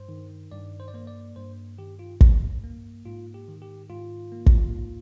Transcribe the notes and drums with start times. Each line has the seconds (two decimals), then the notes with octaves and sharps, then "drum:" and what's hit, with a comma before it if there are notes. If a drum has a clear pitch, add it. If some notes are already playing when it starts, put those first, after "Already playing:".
Already playing: G2 C5
0.09 D#3
0.52 G2 D5
0.80 C5
0.88 D5
0.94 A#3 C5
1.07 D5
1.36 G2 C5
1.78 D#3 G4
1.99 F4
2.21 G2, drum: kick
2.64 A#3
3.05 G#2 F4
3.34 G4
3.48 D#3
3.62 G4
3.89 G#2 F4
4.32 A#3
4.46 drum: kick
4.75 G#2